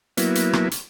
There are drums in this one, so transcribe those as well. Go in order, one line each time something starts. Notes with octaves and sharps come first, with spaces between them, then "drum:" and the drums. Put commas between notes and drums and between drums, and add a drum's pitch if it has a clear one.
F#3 A#3 B3 E4, drum: hi-hat
drum: hi-hat
drum: rim click
drum: hi-hat